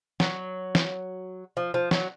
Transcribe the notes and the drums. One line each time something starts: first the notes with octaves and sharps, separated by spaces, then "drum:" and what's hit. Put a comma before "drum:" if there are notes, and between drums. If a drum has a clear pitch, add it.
F#3, drum: snare
drum: snare
F3
F3
F#3, drum: snare